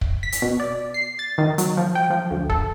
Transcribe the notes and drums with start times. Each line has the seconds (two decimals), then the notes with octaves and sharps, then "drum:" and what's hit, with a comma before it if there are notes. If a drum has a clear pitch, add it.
0.01 drum: kick
0.23 B6
0.32 drum: hi-hat
0.42 B2
0.60 D5
0.94 C7
1.19 A6
1.38 D#3
1.58 F#3, drum: hi-hat
1.77 F3
1.95 G5
2.10 F3
2.31 D2
2.50 A4, drum: kick